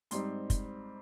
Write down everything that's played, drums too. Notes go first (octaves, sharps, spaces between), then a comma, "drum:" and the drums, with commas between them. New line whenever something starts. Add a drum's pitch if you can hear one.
G#2 G3 C4 D#4 C6, drum: hi-hat
drum: kick, hi-hat